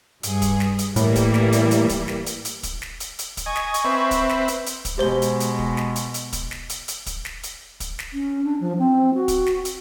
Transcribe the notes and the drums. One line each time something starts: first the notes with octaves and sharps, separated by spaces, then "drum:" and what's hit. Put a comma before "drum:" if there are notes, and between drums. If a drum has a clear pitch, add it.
G2 G#4, drum: hi-hat
drum: kick, hi-hat
drum: snare
drum: hi-hat
A2 E3 G3 A#3, drum: hi-hat
drum: kick, hi-hat
drum: snare
drum: hi-hat
drum: hi-hat
drum: kick, hi-hat
drum: snare
drum: hi-hat
drum: hi-hat
drum: kick, hi-hat
drum: snare
drum: hi-hat
drum: hi-hat
drum: kick, hi-hat
D#5 G#5 C#6
drum: snare
drum: hi-hat
C4 B4 E5
drum: kick, hi-hat
drum: snare
drum: hi-hat
drum: hi-hat
drum: kick, hi-hat
B2 G#3 G4 C5 G7
drum: hi-hat
drum: hi-hat
drum: kick
drum: snare
drum: hi-hat
drum: hi-hat
drum: kick, hi-hat
drum: snare
drum: hi-hat
drum: hi-hat
drum: kick, hi-hat
drum: snare
drum: hi-hat
drum: kick, hi-hat
drum: snare
C#4
D4
F3
C4
F#4
drum: kick, hi-hat
drum: snare
drum: hi-hat